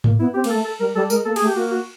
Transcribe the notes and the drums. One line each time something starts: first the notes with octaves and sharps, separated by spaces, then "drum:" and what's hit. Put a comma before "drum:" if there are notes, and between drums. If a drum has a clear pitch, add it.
A#3, drum: tom G#2
B3 E4
C4 G4
A#3, drum: cymbal
A4
A3
A4
G3 A#4
G3 A4
G#3 A#4, drum: tambourine
A#3 A4
G#4, drum: cymbal
A3
G4
A#3 F#4
F#4